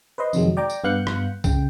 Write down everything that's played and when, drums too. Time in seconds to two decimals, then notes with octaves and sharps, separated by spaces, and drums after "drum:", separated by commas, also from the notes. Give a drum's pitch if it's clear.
0.18 B4 C5 D#5 C6
0.33 F2 C3 D#3 F#3 G#3, drum: tambourine
0.57 D5 G5 A#5 D6
0.70 drum: tambourine
0.84 G2 B3 F5 F#6 G6 C#7
1.07 drum: rim click
1.44 C#3 G5, drum: kick C2, tambourine